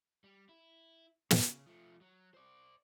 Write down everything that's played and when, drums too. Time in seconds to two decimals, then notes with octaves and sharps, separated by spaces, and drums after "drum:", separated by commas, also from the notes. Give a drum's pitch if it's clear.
0.24 G3
0.49 E4
1.31 C#3, drum: snare
1.66 F3 A3
2.01 F#3
2.34 C5 D5